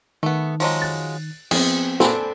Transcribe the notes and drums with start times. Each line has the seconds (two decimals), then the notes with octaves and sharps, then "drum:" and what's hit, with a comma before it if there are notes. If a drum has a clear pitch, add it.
0.23 D#3 A3 B3
0.60 F3 F#3 G#3, drum: open hi-hat
0.82 F#6 A6
1.51 F3 B3 C4 G#4, drum: cymbal
2.00 C4 D4 A4 C5 G#5 B5, drum: snare